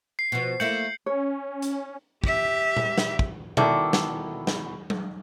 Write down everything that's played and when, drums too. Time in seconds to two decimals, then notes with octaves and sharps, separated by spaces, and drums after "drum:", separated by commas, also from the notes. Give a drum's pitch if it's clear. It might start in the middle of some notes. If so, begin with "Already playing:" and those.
0.19 C7
0.32 B2 F3
0.60 A3 A#3 E4 G6 C#7 F#7
1.06 C#4 C#5
1.62 drum: hi-hat
2.24 G4 E5, drum: kick
2.77 drum: tom A#2
2.98 drum: snare
3.19 drum: kick
3.57 B2 D#3 E4 A4 D5, drum: tom B2
3.93 drum: snare
4.47 drum: snare
4.90 drum: tom F#3